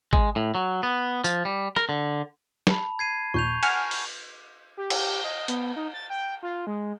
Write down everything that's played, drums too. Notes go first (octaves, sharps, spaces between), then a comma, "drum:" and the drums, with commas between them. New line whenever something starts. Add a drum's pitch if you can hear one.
G#3, drum: kick G#1
A2
F#3
B3
F3, drum: tambourine
G3
A#4, drum: rim click
D3
A5 B5, drum: snare
G#6 C7 D#7
A#1 D#2 A#2 C#6 G6 F7
F#5 G#5 F6, drum: cymbal
drum: open hi-hat
G4
drum: cymbal
D#5
B3, drum: hi-hat
D#4
A6
G5
F4
G#3